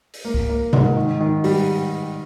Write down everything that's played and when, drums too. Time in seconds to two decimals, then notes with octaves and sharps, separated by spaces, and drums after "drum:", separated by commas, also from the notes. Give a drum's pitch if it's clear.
0.14 drum: open hi-hat
0.25 A#3
0.34 drum: kick C2
0.49 A#3
0.73 G#2, drum: tom C3
0.97 D#3
1.21 D#3
1.44 G3, drum: open hi-hat